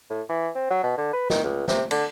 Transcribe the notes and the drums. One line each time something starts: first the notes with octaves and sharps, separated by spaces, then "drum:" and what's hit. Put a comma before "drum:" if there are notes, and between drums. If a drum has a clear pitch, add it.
A2
E3
C4
F#3
B2
D3
B4
D#3, drum: snare
C#2
C3, drum: snare
D3, drum: cymbal